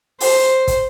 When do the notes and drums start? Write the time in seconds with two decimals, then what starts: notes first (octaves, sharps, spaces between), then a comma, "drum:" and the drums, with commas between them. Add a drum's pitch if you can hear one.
0.20 C5, drum: open hi-hat
0.67 drum: kick, hi-hat